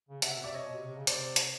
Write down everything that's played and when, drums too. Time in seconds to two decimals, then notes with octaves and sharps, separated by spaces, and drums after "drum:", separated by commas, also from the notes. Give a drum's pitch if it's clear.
0.09 C#3
0.22 C3 E5 F#5, drum: hi-hat
0.39 B2
0.43 C3 D5 E5
0.54 C#5 D#5
0.65 B2
0.75 C3
0.86 C3
0.97 C#3
1.07 C3 C5 D5, drum: hi-hat
1.36 drum: hi-hat